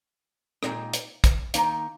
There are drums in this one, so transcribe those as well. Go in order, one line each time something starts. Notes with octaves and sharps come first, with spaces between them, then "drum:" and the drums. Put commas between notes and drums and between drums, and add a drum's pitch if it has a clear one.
A#2 G#3 C4 D#4, drum: rim click
drum: hi-hat
drum: kick, hi-hat
D#3 A#3 D#4 F5, drum: hi-hat